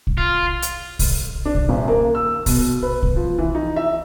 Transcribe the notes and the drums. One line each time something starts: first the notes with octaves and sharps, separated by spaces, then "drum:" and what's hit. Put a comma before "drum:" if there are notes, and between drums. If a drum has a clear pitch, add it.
drum: kick
F4
drum: hi-hat
drum: kick, open hi-hat
D4
drum: kick
D#1
A#3
E6
B2, drum: kick, open hi-hat
B4
drum: kick
F3
E3
D#4
E5